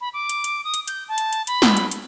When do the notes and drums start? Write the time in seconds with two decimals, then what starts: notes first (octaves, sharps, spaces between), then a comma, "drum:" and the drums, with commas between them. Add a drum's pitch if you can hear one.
0.01 B5
0.13 D6
0.29 drum: hi-hat
0.44 drum: hi-hat
0.64 D#6
0.74 drum: hi-hat
0.88 G6, drum: hi-hat
1.09 A5
1.18 drum: hi-hat
1.33 drum: hi-hat
1.47 B5, drum: hi-hat
1.62 drum: snare
1.77 drum: hi-hat
1.91 drum: hi-hat